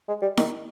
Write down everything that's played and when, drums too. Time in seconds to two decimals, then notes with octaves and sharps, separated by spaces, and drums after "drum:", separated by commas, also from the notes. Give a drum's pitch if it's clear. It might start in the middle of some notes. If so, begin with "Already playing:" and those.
0.08 G#3
0.22 G3
0.37 D#3, drum: snare E4